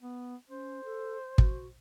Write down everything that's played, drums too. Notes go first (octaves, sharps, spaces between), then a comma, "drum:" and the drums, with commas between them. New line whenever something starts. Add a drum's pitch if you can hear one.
B3
C#4 C5
A4
F#4, drum: kick